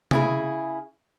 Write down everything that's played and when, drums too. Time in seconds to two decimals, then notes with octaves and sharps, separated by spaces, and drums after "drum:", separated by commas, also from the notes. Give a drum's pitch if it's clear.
0.11 C#3 E4 G#4, drum: tom C3